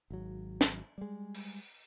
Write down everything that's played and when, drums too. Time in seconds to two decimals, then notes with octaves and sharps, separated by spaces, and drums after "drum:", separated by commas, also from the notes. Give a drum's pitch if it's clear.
0.10 G#1 F#3
0.61 drum: snare
0.98 G3 G#3
1.35 drum: open hi-hat